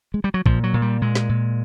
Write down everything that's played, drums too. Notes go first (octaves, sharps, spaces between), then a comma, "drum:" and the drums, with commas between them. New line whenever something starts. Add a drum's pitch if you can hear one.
G#3
G3
F#3
A#2 F3, drum: kick
F#3
A#2
G3
A#2 G#3
drum: snare
A#2